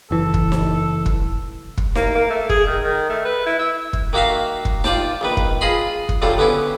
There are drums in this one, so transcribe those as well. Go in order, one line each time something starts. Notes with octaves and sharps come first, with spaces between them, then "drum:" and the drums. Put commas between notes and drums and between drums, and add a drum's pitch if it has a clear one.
F#1 E3 A4
drum: kick
drum: snare D#4
drum: kick
drum: kick
A#3, drum: snare D#4
A#3
A3
G#4, drum: kick
D#3
D#3
A3
B4
E4
E5
drum: kick
D#3 A#3 F#4 E5 F5
drum: kick
F4 D5 G5 A5, drum: snare D#4
A#1 D#3 B4
drum: kick
F4 G#4 D#5 B5 C6
drum: kick
D2 F#3 G3 F4 A4
D3 B3 C#4 E4